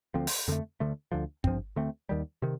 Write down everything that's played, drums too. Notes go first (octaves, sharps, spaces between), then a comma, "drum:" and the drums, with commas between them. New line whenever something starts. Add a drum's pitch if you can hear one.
D2 D3 F3 C4
drum: open hi-hat
F2 D3 A3
D2 D3 A3
D2 D3 F3
G2 F3 C4, drum: kick
D2 D3 A3 C4
D#2 D#3 G3
C3 D#3